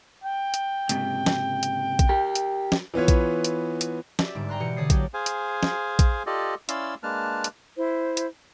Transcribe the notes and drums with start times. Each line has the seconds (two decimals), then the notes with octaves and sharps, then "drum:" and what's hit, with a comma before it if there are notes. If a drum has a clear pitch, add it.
0.24 G5
0.54 drum: hi-hat
0.89 C#2 G#2 C3, drum: hi-hat
1.26 drum: snare
1.63 drum: hi-hat
1.99 drum: kick A#1, hi-hat
2.09 G4 A#4
2.35 drum: hi-hat
2.72 drum: snare
2.94 E3 B3 F4 C#5
3.08 drum: kick A#1, hi-hat
3.45 drum: hi-hat
3.81 drum: hi-hat
4.19 G4 D5 E5, drum: snare
4.35 G1 G#2 D7
4.49 G5 A#5 C6 F#6
4.60 B2 E3 G4 C#7
4.77 D3 C#5 D5 D#6 C7
4.90 F#3 A#3 F#4 G4 D5, drum: kick A#1, hi-hat
5.14 G#4 C5 F5 G#5
5.26 drum: hi-hat
5.63 drum: snare
5.99 drum: kick A#1, hi-hat
6.26 F4 G4 A4 D5 D#5
6.69 C#4 E4 D5 F5 C6 E6, drum: hi-hat
7.03 G#3 A#3 D4 B4 A5 F6
7.44 drum: hi-hat
7.77 E4 C5
8.17 drum: hi-hat